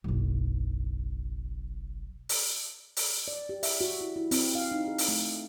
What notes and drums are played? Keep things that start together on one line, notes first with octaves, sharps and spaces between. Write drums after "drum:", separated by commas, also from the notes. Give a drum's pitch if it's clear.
F#1 B1
drum: open hi-hat
drum: open hi-hat
D5
G4
E5, drum: open hi-hat
F#4
E4
E4
C4, drum: open hi-hat
F5
D#4
G#4
drum: open hi-hat
A3